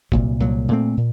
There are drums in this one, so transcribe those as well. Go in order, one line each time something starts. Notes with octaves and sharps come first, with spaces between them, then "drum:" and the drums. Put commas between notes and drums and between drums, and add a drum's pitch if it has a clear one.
C2 A#2 F#3, drum: kick G1
C2 A#2 F#3
A#2 F3 A3 C4
A#2